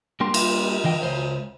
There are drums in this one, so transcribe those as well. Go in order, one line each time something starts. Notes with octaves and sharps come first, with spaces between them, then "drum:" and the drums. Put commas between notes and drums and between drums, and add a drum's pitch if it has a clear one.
G3 A#3 D4 G4 A#4 C6
drum: cymbal
D3 E3 D#5 G5
C#2 C5 C#5